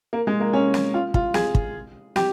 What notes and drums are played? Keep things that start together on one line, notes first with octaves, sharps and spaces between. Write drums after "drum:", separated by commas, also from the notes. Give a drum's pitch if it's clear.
A#3
G#3
A#3
C#4
drum: snare
F4
F4, drum: kick
G#4, drum: snare
drum: kick
G4, drum: snare